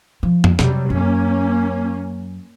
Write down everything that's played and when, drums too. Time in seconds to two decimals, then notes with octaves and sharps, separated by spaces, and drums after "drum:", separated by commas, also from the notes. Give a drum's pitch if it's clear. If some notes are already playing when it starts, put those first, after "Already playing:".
0.23 F3
0.44 drum: tom F2
0.59 C3 F#3 G3, drum: snare
0.90 F#2 A#3 C#4